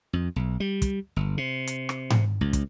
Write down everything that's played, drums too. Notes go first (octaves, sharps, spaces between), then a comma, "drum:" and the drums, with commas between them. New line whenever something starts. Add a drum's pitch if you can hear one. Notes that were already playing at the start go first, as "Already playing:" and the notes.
F2
B1
G3
drum: kick, hi-hat
G1
C3
drum: hi-hat
drum: rim click
drum: tom G#2
C#2
drum: kick, hi-hat